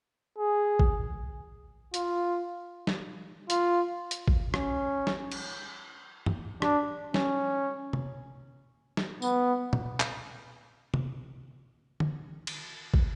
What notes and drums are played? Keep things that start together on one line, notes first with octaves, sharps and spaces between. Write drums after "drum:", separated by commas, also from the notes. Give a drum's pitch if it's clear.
G#4
drum: kick
F4, drum: hi-hat
drum: snare
F4, drum: hi-hat
drum: hi-hat
drum: kick
C#4, drum: rim click
drum: snare
drum: cymbal
drum: tom
D4, drum: rim click
C#4, drum: snare
drum: tom C3
drum: snare
B3, drum: tambourine
drum: tom
drum: clap
drum: tom C3
drum: tom D3
drum: cymbal
drum: kick